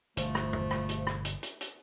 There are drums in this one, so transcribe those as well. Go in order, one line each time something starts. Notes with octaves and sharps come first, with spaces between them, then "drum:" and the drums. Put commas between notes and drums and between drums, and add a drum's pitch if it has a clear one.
G1 B2 F3 A3, drum: hi-hat
drum: rim click
drum: tom
drum: rim click
drum: hi-hat
drum: rim click
drum: hi-hat
drum: hi-hat
drum: hi-hat